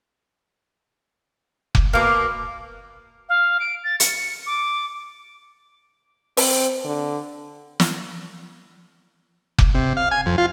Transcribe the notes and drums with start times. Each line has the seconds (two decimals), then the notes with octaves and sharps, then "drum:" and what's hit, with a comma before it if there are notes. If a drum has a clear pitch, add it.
1.75 drum: kick F1
1.93 B2 A#3 F5 D6
3.29 F5
3.60 D7
3.84 A6
4.00 C#7, drum: hi-hat
4.46 D6
6.37 C4, drum: open hi-hat
6.85 D3
7.80 drum: snare
9.58 drum: kick F1
9.75 C3
9.97 F5
10.11 G#5
10.26 F2
10.38 F4